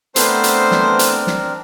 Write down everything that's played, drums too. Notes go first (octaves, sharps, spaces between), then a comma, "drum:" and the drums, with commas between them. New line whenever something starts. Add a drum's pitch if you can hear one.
A3 B3 C4 D4 A#4 C5, drum: hi-hat
drum: hi-hat
drum: snare
drum: hi-hat
drum: snare